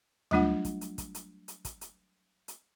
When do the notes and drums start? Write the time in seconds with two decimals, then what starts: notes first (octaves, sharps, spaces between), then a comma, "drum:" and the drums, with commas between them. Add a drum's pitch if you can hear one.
0.31 F#3 G3 A3 D4 F4 F#5, drum: tom D2
0.65 drum: kick, hi-hat
0.81 drum: hi-hat
0.98 drum: kick, hi-hat
1.15 drum: hi-hat
1.48 drum: hi-hat
1.65 drum: kick, hi-hat
1.81 drum: hi-hat
2.48 drum: hi-hat